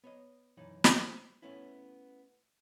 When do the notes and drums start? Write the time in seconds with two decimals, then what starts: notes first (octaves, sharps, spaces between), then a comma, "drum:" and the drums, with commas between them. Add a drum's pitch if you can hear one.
0.04 B3 C#5 D#5
0.57 B1 F#2 E3 D#4 D5
0.84 drum: snare
0.95 C5 C6
1.42 A3 B3 C#4 E4